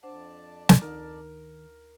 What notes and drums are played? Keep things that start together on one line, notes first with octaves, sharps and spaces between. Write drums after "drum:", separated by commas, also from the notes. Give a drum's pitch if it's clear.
F2 D4 C5 D5 F#5 A5
drum: snare
D2 D#3 D#4 A#4